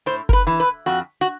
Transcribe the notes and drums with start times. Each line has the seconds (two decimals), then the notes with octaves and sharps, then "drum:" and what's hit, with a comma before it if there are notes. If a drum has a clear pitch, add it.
0.06 A2 C5
0.29 A#4, drum: kick F#1
0.33 B4
0.47 E3
0.60 B4
0.86 F2 F#4
1.21 F#4